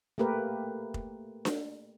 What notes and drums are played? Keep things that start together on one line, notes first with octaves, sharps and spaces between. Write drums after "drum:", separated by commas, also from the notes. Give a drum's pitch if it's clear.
A3 A#3 G4 A#4 B4
drum: kick
drum: snare D4